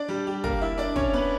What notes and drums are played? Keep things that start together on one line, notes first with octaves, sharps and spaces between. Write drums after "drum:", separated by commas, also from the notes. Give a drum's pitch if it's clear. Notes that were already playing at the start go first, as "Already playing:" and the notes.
Already playing: D4 D5
G3 G4
G3 G4
A#3 A#4, drum: kick
E4 E5
D4 D5
C#4 C#5, drum: kick
B3 B4